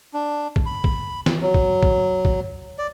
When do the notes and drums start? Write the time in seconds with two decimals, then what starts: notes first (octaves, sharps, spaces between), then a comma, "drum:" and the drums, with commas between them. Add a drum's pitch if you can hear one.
0.14 D4
0.56 drum: kick
0.66 B5
0.84 drum: kick
1.26 drum: snare
1.42 F#3
1.54 drum: kick
1.83 drum: kick
2.25 drum: kick
2.78 D5